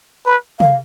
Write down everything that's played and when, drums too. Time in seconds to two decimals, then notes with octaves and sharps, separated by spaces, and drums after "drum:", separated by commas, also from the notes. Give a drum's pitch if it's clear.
0.26 B4
0.60 F5, drum: tom C3